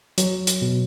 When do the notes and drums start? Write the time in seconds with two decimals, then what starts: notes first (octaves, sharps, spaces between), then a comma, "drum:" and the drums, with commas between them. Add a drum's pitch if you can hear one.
0.18 F#3, drum: hi-hat
0.47 drum: hi-hat
0.62 B2